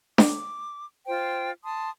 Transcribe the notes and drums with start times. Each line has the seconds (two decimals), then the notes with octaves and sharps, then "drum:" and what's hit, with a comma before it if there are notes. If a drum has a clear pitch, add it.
0.18 D6, drum: snare D4
1.07 F4 C5 G5
1.64 A5 C6 D#6